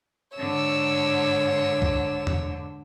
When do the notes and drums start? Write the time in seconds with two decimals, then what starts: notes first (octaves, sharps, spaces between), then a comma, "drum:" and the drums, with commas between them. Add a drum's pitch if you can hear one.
0.37 G#2 D3 C#5 E6
1.82 drum: kick C2
2.27 drum: tom E2